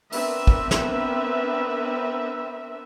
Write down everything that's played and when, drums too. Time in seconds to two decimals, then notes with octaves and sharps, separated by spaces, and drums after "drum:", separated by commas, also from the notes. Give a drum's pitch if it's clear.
0.12 B3 C4 D4 A#4 B4 E5, drum: open hi-hat
0.47 drum: kick
0.71 drum: snare